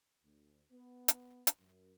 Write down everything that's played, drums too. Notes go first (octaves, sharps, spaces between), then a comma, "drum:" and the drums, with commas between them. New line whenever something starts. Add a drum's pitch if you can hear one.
D2
B3
drum: hi-hat
drum: hi-hat
F#2